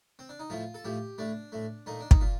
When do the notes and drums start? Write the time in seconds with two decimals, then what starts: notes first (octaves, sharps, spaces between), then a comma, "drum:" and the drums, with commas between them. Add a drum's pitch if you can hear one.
0.19 C4
0.29 D4
0.39 D#4
0.50 A2 F3 A3 F4
0.74 A4
0.84 A2 F3 A3 G4
1.18 A2 A3 D4
1.52 A2 A3
1.86 A#2 A3 D#4
2.00 D4
2.11 D#4, drum: kick
2.21 A#2 F4